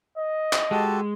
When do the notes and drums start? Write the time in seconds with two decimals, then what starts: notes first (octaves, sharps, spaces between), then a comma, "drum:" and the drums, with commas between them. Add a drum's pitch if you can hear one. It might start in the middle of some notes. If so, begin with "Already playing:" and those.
0.18 D#5
0.53 drum: clap
0.71 G#3 F#4 G4 A4 A5